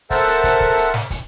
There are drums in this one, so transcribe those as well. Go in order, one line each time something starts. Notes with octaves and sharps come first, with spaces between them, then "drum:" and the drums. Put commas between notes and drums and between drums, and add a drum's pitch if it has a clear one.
A4 A#4 C5 E5 F#5 A5, drum: kick, hi-hat
drum: hi-hat
drum: kick, hi-hat
drum: kick
drum: hi-hat
drum: snare
drum: kick, hi-hat